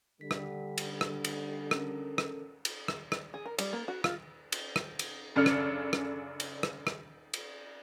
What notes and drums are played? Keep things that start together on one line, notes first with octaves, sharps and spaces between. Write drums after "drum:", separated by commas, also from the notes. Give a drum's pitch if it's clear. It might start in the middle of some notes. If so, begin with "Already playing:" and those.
D3 G3 B6
drum: rim click
drum: cymbal
drum: rim click
drum: cymbal
C#4 A4 A#4, drum: rim click
drum: rim click
drum: cymbal
drum: rim click
drum: rim click
G#4
A#4
G3, drum: cymbal
A#3
F#4
F4, drum: rim click
drum: cymbal
drum: rim click
drum: cymbal
F#2 C#3 D4 A4 F6
drum: rim click
drum: rim click
drum: cymbal
drum: rim click
drum: rim click
drum: cymbal